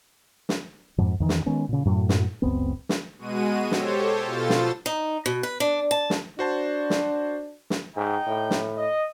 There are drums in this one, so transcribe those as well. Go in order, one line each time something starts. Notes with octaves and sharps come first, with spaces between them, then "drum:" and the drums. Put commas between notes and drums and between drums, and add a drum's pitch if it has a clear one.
drum: snare
F2 G#2
E2 D#3 E3
drum: snare
D#3 G#3 B3 C#4
A#2 C#3
F#2 A2 F#3
drum: snare
F#1 C#2 B3 C4
drum: snare
B2 G#3 F#4 D#7
G4 A4 C5 C#5, drum: snare
B2 F4 A4 C5 A6
drum: snare
D#4
B2
B4
D4
A5
drum: snare
D4 F#4 C5 A5
drum: snare
drum: snare
G#2 D#4 G5
A2
drum: snare
D#5